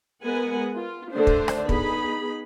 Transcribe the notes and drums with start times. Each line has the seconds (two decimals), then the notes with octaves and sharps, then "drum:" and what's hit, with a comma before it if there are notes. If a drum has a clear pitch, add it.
0.24 G#3 B3 A#4 B4 F#5 G#5
0.77 F4
1.14 D3 A3 D4 C5
1.27 drum: kick
1.48 drum: rim click
1.69 B3 D#4 G#4 B5, drum: kick